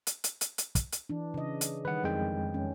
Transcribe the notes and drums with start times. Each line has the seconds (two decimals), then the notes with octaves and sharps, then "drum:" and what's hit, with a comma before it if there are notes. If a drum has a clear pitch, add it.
0.07 drum: hi-hat
0.24 drum: hi-hat
0.41 drum: hi-hat
0.58 drum: hi-hat
0.75 drum: kick, hi-hat
0.92 drum: hi-hat
1.09 E3 D4
1.34 C#3 D#5
1.61 drum: hi-hat
1.85 D#3 G3 B4 F#5
2.04 F2 G#3 G5
2.54 C#4